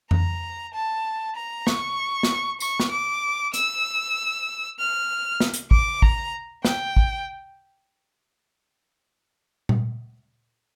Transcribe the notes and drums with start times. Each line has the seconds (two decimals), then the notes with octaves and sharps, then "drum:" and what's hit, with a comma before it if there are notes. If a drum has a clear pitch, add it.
0.11 A#5, drum: tom F2
0.74 A5
1.35 A#5
1.67 C#6, drum: snare
2.23 drum: snare
2.60 C#6, drum: tambourine
2.80 drum: snare
2.91 D6
3.54 E6, drum: hi-hat
4.79 F6
5.40 drum: snare
5.54 drum: hi-hat
5.71 D6, drum: kick G#1
6.02 A#5, drum: kick G#1
6.65 G5, drum: snare
6.97 drum: kick G#1
9.69 drum: tom A#2